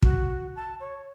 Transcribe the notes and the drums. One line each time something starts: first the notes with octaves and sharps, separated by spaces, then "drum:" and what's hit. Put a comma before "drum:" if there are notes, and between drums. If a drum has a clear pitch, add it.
F#4, drum: kick
A5
C#5